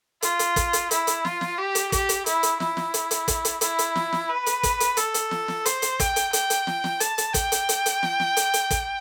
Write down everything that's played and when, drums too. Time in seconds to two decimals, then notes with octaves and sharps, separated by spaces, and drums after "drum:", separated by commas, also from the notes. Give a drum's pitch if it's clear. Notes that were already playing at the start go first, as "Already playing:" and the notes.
0.22 F4, drum: hi-hat
0.39 drum: hi-hat
0.56 drum: kick, hi-hat
0.73 drum: hi-hat
0.91 E4, drum: hi-hat
1.07 drum: hi-hat
1.25 F4, drum: snare
1.41 drum: snare
1.58 G4
1.75 drum: hi-hat
1.92 G4, drum: kick, hi-hat
2.09 drum: hi-hat
2.26 E4, drum: hi-hat
2.43 drum: hi-hat
2.60 E4, drum: snare
2.77 drum: snare
2.94 drum: hi-hat
3.11 drum: hi-hat
3.28 drum: kick, hi-hat
3.45 drum: hi-hat
3.61 E4, drum: hi-hat
3.79 drum: hi-hat
3.96 drum: snare
4.12 drum: snare
4.29 B4
4.46 drum: hi-hat
4.63 drum: kick, hi-hat
4.80 drum: hi-hat
4.97 A4, drum: hi-hat
5.14 drum: hi-hat
5.31 drum: snare
5.48 drum: snare
5.66 C5, drum: hi-hat
5.82 drum: hi-hat
6.00 G5, drum: kick, hi-hat
6.16 drum: hi-hat
6.33 G5, drum: hi-hat
6.50 drum: hi-hat
6.67 drum: snare
6.84 drum: snare
7.00 A5, drum: hi-hat
7.18 drum: hi-hat
7.34 G5, drum: kick, hi-hat
7.52 drum: hi-hat
7.69 drum: hi-hat
7.86 drum: hi-hat
8.03 drum: snare
8.20 drum: snare
8.37 drum: hi-hat
8.54 drum: hi-hat
8.71 drum: kick, hi-hat